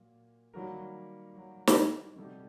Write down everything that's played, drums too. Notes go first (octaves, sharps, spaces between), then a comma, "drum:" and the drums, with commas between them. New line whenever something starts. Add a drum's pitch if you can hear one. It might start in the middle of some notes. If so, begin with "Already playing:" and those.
Already playing: A#2 F#3 A#3
D#3 F#3 G3 A#3 F#4 A#4
F#3
drum: snare
C3 F#3 G3 A3 D#4 G4